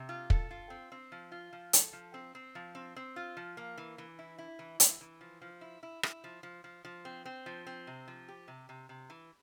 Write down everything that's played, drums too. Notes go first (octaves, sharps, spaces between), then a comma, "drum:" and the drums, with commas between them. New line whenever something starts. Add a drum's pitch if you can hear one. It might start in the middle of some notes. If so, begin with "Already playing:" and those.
Already playing: C3
F4
A4, drum: kick
F4
C4
C4
F3
F4
F3
A4, drum: hi-hat
F3
C4
C4
F3
C4
C4
F4
F3
A#3
E3
E3
E4
E4
E3
E3, drum: hi-hat
E3
F3
F3
E4
E4
E4, drum: rim click
F3
F3
F3
F3
C4
C4
F3
C4
C3
F3
G4
C3
C3
C3
E3